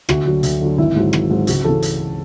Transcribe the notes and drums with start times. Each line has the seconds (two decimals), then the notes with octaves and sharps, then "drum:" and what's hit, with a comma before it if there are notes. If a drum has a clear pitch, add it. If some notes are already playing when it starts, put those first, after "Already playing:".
0.09 D2 F#4, drum: rim click
0.26 D3 F#3
0.43 D2, drum: hi-hat
0.61 D3 F#3
0.77 G#1 E4
0.95 G#2 F#3
1.13 G#1, drum: rim click
1.30 G#2 F#3
1.47 C#2 F#4, drum: hi-hat
1.64 C#3 E3 A4
1.82 drum: hi-hat